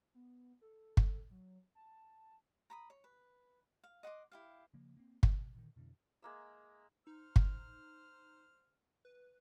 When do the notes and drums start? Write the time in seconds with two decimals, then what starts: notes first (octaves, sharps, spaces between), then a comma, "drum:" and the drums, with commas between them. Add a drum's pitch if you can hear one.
0.14 B3
0.61 A4
0.97 drum: kick
1.31 F#3
1.75 A5
2.70 A#5 B5 D#6
2.90 C#5
3.04 B4
3.83 F5
4.03 D#5 F#5 C6 D6
4.32 E4 G4 F5
4.74 C#3 F3 A#3
4.97 A#3 C4
5.23 B2, drum: kick
5.55 A#2 D3 D#3
5.76 F2 B2 D3 E3
6.22 G#3 A#3 E5
7.07 D#4 C5 F6
7.36 drum: kick
9.05 B4